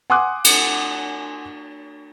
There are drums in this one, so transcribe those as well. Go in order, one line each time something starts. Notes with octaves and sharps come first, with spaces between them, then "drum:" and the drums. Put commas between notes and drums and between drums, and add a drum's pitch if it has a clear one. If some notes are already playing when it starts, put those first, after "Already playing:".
F#5 G#5 C6 D6 D#6 F#6
drum: cymbal